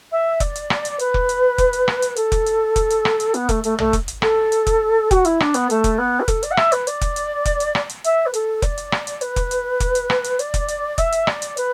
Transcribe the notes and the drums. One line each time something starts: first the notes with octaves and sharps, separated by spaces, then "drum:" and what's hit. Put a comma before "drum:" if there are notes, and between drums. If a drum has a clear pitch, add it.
E5
D5, drum: kick F1, hi-hat
drum: hi-hat
drum: rim click
drum: hi-hat
B4, drum: hi-hat
drum: kick F1
drum: hi-hat
drum: kick F1, hi-hat
drum: hi-hat
drum: rim click
drum: hi-hat
A4, drum: hi-hat
drum: kick F1, hi-hat
drum: hi-hat
drum: kick F1, hi-hat
drum: hi-hat
drum: rim click
drum: hi-hat
B3, drum: hi-hat
A3, drum: kick F1, hi-hat
A3, drum: hi-hat
A3, drum: tom
drum: kick F1, hi-hat
drum: hi-hat
A4, drum: rim click
drum: hi-hat
drum: kick F1, hi-hat
F#4, drum: kick F1, hi-hat
E4, drum: hi-hat
D4, drum: rim click
B3, drum: hi-hat
A3, drum: hi-hat
drum: kick F1, hi-hat
B3
B4
A4, drum: kick F1, hi-hat
D5, drum: hi-hat
F#5
E5, drum: rim click
B4, drum: hi-hat
D5, drum: hi-hat
drum: kick F1, hi-hat
drum: hi-hat
drum: kick F1, hi-hat
drum: hi-hat
drum: rim click
drum: hi-hat
E5, drum: hi-hat
B4
A4, drum: hi-hat
D5, drum: kick F1, hi-hat
drum: hi-hat
drum: rim click
drum: hi-hat
B4, drum: hi-hat
drum: kick F1, hi-hat
drum: hi-hat
drum: kick F1, hi-hat
drum: hi-hat
drum: rim click
drum: hi-hat
D5, drum: hi-hat
drum: kick F1, hi-hat
drum: hi-hat
E5, drum: kick F1, hi-hat
drum: hi-hat
D5, drum: rim click
drum: hi-hat
B4, drum: hi-hat